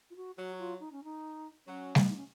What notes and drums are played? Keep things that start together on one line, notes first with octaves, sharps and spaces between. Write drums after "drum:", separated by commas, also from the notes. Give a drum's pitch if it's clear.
F4
F#4
F#3 F#4
F4
D#4
C#4
D#4
F#3 C#4
drum: snare G3
D#4
C#4